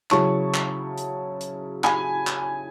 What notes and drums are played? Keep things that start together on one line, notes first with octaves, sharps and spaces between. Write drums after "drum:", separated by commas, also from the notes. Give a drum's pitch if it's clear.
C#3 F#3 C#4 E4 A5 C#6, drum: clap
drum: clap
drum: hi-hat
drum: hi-hat
G#5 B5, drum: clap
drum: clap